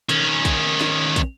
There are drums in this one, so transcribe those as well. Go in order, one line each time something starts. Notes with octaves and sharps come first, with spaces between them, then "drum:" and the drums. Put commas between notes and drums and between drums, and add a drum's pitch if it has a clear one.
D#3 C#4, drum: hi-hat
drum: kick, hi-hat
drum: snare
drum: kick, hi-hat